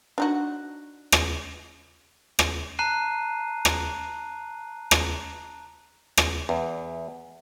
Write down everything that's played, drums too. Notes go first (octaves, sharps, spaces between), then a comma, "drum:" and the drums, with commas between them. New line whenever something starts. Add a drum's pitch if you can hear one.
D4 D#4 F#4
drum: rim click
drum: rim click
A5 A#5 F#6 C7 D#7
drum: rim click
drum: rim click
drum: rim click
E2